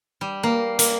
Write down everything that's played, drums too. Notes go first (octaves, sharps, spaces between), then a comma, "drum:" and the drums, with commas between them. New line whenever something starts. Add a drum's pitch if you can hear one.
G3
A#3
A#3, drum: hi-hat